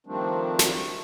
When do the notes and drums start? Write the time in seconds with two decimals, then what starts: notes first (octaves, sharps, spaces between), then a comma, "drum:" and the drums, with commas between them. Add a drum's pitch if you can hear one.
0.06 D#3 F3 G3 A3 C4 D4
0.59 drum: snare